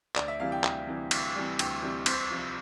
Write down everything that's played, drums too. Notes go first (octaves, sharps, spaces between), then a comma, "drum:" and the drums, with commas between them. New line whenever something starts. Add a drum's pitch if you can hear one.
D2 D5, drum: clap
E5
C3 E3 G3 F5
G5
D2 G5, drum: clap
C3 E3 G3
D2, drum: cymbal
C3 E3 G3
D2 G5, drum: cymbal
C3 E3 G3
C2 C5, drum: cymbal
C3 F3